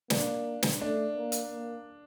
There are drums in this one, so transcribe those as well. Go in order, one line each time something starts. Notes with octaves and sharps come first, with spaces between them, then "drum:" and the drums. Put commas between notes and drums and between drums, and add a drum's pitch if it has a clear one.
A#3 D4, drum: snare
drum: snare
A3 D4
A#3
drum: hi-hat
A#3